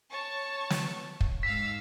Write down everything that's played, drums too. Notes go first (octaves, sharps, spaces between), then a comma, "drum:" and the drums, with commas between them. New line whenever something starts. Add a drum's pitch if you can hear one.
C#5 A5 C#6
drum: snare
drum: kick
G#2 F5 E6 B6